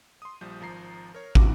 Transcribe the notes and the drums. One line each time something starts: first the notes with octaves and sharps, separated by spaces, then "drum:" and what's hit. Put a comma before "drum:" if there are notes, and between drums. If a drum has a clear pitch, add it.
C6 D#6
A#1 F3 G3 G6
G#1 F3 A#5 C7
A#4 C#5
F#4 D6, drum: kick